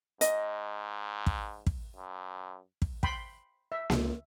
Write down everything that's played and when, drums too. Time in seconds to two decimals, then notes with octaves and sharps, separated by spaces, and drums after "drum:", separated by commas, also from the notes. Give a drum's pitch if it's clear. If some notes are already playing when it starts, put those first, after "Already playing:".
0.21 G#2 D#5, drum: hi-hat
1.26 drum: kick
1.66 drum: kick
1.96 F#2
2.82 drum: kick
3.03 G5 B5 C6, drum: kick
3.72 E5
3.90 C#2, drum: snare A#3